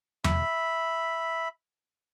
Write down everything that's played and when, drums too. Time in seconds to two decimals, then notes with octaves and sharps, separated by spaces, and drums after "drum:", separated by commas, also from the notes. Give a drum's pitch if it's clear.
0.24 E5 B5, drum: tom E2